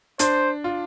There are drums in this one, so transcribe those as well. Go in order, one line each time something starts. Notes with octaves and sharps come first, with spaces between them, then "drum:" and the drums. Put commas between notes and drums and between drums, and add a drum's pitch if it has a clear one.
D4 C5, drum: hi-hat
F4